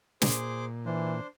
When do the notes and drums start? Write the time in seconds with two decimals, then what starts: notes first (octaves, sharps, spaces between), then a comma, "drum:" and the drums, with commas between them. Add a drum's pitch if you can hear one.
0.22 A#2 G#4 C5 D6, drum: snare
0.86 E3 D4 C5